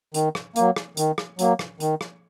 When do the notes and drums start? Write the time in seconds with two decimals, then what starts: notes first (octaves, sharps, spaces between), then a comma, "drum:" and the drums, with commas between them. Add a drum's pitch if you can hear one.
0.14 D#3, drum: hi-hat
0.35 drum: rim click
0.56 F#3 A#3, drum: hi-hat
0.76 drum: rim click
0.97 D#3, drum: hi-hat
1.18 drum: rim click
1.39 F#3 A#3, drum: hi-hat
1.59 drum: rim click
1.80 D#3, drum: hi-hat
2.01 drum: rim click